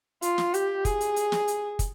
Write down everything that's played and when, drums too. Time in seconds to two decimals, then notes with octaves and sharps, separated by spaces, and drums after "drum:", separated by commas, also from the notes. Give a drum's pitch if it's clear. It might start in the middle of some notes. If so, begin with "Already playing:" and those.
0.22 F4, drum: hi-hat
0.38 drum: snare
0.54 G4, drum: hi-hat
0.85 G#4, drum: kick, hi-hat
1.01 drum: hi-hat
1.16 drum: hi-hat
1.32 drum: snare
1.48 drum: hi-hat
1.79 drum: kick, hi-hat